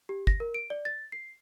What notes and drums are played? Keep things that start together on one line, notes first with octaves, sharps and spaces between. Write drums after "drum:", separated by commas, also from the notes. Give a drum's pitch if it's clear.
G4
A#6, drum: kick
A#4
D7
D5
A6
C7